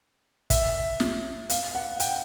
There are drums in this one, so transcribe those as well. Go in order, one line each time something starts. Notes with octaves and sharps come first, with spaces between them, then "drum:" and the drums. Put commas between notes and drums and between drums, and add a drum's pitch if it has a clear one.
E5, drum: kick, hi-hat
drum: snare
F5, drum: hi-hat
F#5
G5, drum: hi-hat